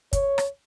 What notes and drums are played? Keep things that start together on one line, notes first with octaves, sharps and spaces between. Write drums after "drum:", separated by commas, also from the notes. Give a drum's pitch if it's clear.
C#5, drum: kick, hi-hat
drum: rim click